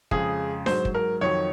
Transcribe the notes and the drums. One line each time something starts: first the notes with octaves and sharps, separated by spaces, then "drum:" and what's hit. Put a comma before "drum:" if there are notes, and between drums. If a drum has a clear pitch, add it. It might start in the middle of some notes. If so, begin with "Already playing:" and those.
F2 C#3 G#3 G#4, drum: kick
G#2 F#3 C5, drum: snare D4
drum: kick
A#4
F2 D#3 F#3 C#5